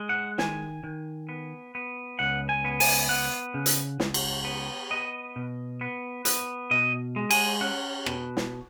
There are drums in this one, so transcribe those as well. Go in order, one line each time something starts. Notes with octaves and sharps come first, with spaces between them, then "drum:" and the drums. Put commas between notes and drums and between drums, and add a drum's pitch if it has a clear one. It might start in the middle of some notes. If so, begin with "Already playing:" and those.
Already playing: G#3
F#5
D#3 G#5, drum: snare
D#3
B3
B3
C#2 F#5
G#5
B3
G#5, drum: open hi-hat
B3 F#5
C#3
drum: hi-hat
C#2, drum: snare
drum: cymbal
B3
B3 D#5
B2
B3
B3, drum: hi-hat
B2 D#5
G#3
G#5, drum: cymbal
C#4 F#5
B2, drum: rim click
drum: snare